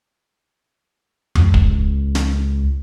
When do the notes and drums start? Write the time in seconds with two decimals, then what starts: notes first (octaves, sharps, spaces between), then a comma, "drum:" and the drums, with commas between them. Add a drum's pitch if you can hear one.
1.35 C#2, drum: tom F2
1.54 drum: kick
2.15 drum: snare